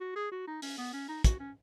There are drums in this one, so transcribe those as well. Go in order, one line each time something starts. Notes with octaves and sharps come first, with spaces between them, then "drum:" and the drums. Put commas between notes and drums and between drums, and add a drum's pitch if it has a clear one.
F#4
G#4
F#4
D#4
C#4, drum: open hi-hat
B3
C#4
D#4
F#4, drum: kick, hi-hat
C#4